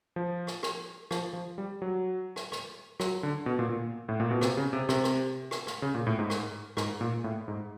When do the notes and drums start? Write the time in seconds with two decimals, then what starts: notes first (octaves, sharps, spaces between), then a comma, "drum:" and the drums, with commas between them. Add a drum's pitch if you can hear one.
0.16 F3
0.47 drum: rim click
0.63 drum: rim click
1.11 F3, drum: rim click
1.33 F3
1.58 G3
1.82 F#3
2.36 drum: rim click
2.52 drum: rim click
3.00 F#3, drum: rim click
3.23 D3
3.46 B2
3.59 A#2
3.69 A#2
4.09 A2
4.20 A#2
4.31 B2
4.41 C3, drum: rim click
4.57 C#3
4.73 C3
4.89 C3, drum: rim click
5.04 drum: rim click
5.51 drum: rim click
5.67 drum: rim click
5.82 C#3
5.95 A#2
6.07 A2
6.19 G#2
6.30 drum: rim click
6.77 G#2, drum: rim click
7.01 A#2
7.24 A2
7.48 G#2